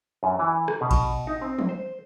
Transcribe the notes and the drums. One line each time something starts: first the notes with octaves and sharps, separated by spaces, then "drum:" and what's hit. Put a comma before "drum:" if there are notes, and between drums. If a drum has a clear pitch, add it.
F#2
E3
drum: rim click
B2
drum: kick A1, cymbal
D#4
C4
drum: tom E3
C5